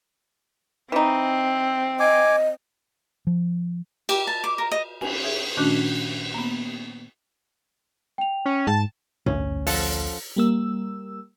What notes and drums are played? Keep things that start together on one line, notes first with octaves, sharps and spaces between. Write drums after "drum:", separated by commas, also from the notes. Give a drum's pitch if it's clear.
E3 C4 D#4
D#5 G#5 D6
F3
G4, drum: cymbal
A5
D6
A#4
D#5
G#5, drum: cymbal
G#4 C#5 E5
A#2 D#3 A3 C#4 D4 F#4
A#3 B3
G5 F7
C#4
G#2 A5
A1 D2 C#4, drum: tom G2
F3 A4 F#5, drum: open hi-hat
G3 A#3 E6